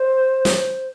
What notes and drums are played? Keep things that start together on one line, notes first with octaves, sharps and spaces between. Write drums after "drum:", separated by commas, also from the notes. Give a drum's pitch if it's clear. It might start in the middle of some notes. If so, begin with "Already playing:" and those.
Already playing: C5
drum: snare